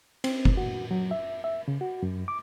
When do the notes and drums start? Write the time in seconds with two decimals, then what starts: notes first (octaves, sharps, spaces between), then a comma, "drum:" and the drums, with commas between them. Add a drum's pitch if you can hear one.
0.24 C4, drum: cymbal
0.45 drum: kick F#1
0.57 F#4
0.91 F#3
1.11 E5
1.44 E5
1.68 C#3
1.81 F#4
2.03 F#2
2.28 D6